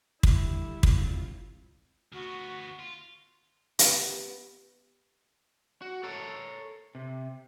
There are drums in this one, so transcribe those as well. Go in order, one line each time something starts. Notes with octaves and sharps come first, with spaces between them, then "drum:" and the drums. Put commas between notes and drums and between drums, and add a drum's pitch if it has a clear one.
D3 G3 E4, drum: kick
G#2 C3 F4, drum: kick
D2 B3 F#4
F4
B3 G4, drum: hi-hat
F#4
A4 A#4 C#5
C3